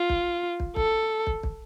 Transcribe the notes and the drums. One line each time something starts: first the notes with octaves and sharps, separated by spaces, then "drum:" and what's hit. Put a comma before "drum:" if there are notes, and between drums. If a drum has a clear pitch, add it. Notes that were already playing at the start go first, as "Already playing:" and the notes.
Already playing: F4
drum: kick
drum: kick
A4, drum: kick
drum: kick
drum: kick